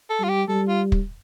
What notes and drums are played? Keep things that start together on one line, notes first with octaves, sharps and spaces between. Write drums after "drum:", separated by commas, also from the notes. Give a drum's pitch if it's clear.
A4
G3 F4
G4
G3 A4
F4
drum: kick